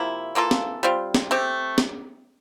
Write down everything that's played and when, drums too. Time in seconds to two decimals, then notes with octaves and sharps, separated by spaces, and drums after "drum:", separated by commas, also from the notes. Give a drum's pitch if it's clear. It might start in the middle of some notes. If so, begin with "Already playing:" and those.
Already playing: C3 F3 A#3 E4
0.35 E3 A#3 F4 A4
0.51 drum: snare
0.83 G3 C4 F4
1.14 drum: snare
1.31 A3 C4 G4
1.78 drum: snare